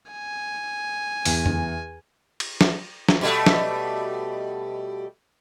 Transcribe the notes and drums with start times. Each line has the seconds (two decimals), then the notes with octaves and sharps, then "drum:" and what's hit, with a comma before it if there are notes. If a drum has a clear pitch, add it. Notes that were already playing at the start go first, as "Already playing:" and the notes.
0.12 G#5
1.25 E2, drum: open hi-hat
1.46 drum: tom F2
2.40 drum: cymbal
2.61 drum: snare
3.09 drum: snare
3.21 B2 G3 A3
3.46 drum: snare